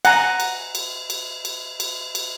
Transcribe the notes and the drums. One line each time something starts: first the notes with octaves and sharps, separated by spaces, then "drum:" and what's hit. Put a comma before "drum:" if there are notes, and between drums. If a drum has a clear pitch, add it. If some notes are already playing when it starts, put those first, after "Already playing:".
F#5 G#5 A#5, drum: cymbal
drum: cymbal
drum: cymbal
drum: cymbal
drum: cymbal
drum: cymbal
drum: cymbal